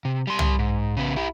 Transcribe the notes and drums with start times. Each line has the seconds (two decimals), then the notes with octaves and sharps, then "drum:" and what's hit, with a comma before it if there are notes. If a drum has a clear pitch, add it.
0.05 C3
0.27 G3 C6
0.39 drum: tom
0.59 G#2
0.97 C#3 B3
1.16 E4 G4